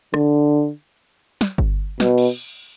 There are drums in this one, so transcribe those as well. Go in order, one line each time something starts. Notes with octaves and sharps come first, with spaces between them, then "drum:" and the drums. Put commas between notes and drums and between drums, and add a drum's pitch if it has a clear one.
D3, drum: rim click
drum: snare
drum: kick G1
B2, drum: snare
drum: cymbal